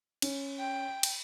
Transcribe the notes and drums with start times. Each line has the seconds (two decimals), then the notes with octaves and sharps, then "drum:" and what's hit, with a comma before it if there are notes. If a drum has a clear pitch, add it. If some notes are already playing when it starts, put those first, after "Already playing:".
0.22 C#4, drum: cymbal
0.59 G5
1.03 drum: cymbal